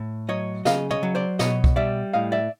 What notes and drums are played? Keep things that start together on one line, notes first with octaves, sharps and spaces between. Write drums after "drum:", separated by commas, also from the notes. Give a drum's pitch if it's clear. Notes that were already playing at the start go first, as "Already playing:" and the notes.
Already playing: A2
F#3 C#5 D#5
C#3 D#5 F5, drum: snare
C#5 D#5, drum: tom
F#3
C5 D5
B2 C#5 D#5, drum: snare
drum: kick C2
G3 D5 E5
A2 D#5 F5
D5 E5